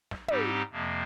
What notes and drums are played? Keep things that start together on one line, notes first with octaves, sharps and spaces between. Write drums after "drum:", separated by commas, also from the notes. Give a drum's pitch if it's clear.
drum: snare
G#2 G3 C4 D#4 G4, drum: tom
F2 C3 F3 A#3